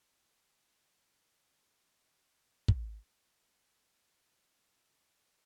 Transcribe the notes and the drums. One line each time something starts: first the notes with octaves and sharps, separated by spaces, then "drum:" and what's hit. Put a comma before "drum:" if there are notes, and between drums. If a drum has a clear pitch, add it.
A#2 D3 F3 A5
D#2 D3 D#3 C5 A#5 B5 E6 G6
E1 A#1 A#2 C7
F#2 D#3 D4 C6
D3 D#3 G3 G#3 B3 B4 B5 F6
drum: kick
G3 E4 G4 A#4
B3 D4 F4
A4
E3 C4 F#4 G4 A4 A#4
F3 F#3 B3 B4 C#5 E5